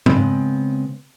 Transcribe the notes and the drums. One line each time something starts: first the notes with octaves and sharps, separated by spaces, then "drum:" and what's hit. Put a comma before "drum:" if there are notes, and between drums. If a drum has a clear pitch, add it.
C#3 G#3 B3 C4, drum: tom G#2